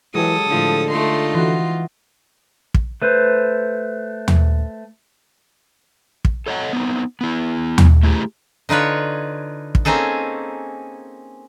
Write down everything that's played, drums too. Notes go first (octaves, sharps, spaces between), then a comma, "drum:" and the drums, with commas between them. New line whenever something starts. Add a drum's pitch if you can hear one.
E3 F#3 G#3 G4 A4 D#6
A2 D3 F3
A3 D#4 F4 C6
E3 F#4 C6
drum: kick
A3 B4 C5
drum: tom
drum: kick
A4 C#5 D#5 F#5
B3 C4 D#4
B3 E4
drum: tom
A3 E4 G4 G#4
D3 D#4 F4 B4 C#5
drum: kick
A#3 C4 C#4 D#4 G#4 A4